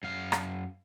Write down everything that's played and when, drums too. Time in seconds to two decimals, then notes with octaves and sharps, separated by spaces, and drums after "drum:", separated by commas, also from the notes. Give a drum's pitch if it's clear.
0.03 F#2 F5
0.32 drum: rim click